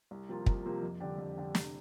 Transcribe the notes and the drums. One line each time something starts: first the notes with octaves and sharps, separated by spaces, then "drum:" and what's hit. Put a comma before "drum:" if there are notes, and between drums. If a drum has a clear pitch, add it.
C2
C3 F3 A#3 F4
C2, drum: kick
C3 F3 A#3 F4
F2
D3 G3 D4 G4
F2
D3 G3 D4 G4
C3, drum: snare